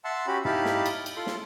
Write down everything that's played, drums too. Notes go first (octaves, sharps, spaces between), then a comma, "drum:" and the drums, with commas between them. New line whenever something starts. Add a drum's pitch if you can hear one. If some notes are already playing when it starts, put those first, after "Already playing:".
E5 F#5 A5 C6 E6
C#4 F#4 G4 B5
D#4 E4 G4 F5 A5 B5, drum: tom
drum: snare
drum: cymbal
drum: cymbal
F4 A4 C6
drum: snare